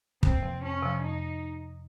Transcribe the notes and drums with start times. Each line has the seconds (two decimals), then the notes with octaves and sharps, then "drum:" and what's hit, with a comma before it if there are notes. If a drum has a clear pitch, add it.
0.23 F2 C4, drum: kick
0.43 C3 F3
0.62 F2 C#4
0.82 C3 F3
1.02 F2 D#4